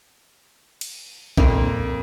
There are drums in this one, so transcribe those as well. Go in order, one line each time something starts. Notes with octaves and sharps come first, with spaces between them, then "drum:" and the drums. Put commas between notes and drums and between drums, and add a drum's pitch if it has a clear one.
drum: cymbal
F2 A#2 A#3 F5, drum: kick